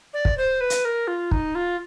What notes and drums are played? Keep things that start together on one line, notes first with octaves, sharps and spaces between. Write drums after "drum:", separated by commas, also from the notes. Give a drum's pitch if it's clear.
D5
drum: kick
C5
B4
drum: hi-hat
A#4
F4
D#4, drum: kick
F4